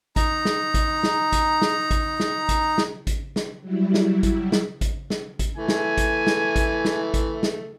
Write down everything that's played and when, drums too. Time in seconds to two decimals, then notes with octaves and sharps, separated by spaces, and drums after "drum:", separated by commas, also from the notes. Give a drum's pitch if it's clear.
0.16 D#4 A#5, drum: kick G#1, hi-hat
0.45 drum: snare
0.74 drum: kick G#1, hi-hat
1.03 drum: snare
1.33 drum: kick G#1, hi-hat
1.62 drum: snare
1.91 drum: kick G#1, hi-hat
2.20 drum: snare
2.49 drum: kick G#1, hi-hat
2.78 drum: snare
3.07 drum: kick G#1, hi-hat
3.36 drum: snare
3.61 F#3 G3 E4
3.94 drum: snare
4.23 drum: kick G#1, hi-hat
4.52 drum: snare
4.81 drum: kick G#1, hi-hat
5.10 drum: snare
5.39 drum: kick G#1, hi-hat
5.57 E3 A3 G#5
5.68 drum: snare
5.98 drum: kick G#1, hi-hat
6.27 drum: snare
6.56 drum: kick G#1, hi-hat
6.85 drum: snare
7.14 drum: kick G#1, hi-hat
7.43 drum: snare